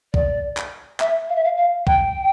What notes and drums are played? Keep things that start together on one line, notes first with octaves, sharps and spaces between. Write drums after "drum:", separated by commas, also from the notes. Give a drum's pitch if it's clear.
D5, drum: kick
drum: clap
E5, drum: clap
F5
E5
F5
F5
G5, drum: kick